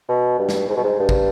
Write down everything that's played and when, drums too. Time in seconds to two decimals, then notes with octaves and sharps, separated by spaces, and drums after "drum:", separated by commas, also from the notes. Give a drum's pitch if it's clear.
0.09 B2
0.39 G2
0.49 drum: snare
0.69 G#2
0.76 B2
0.84 G#2
0.99 G2
1.09 drum: kick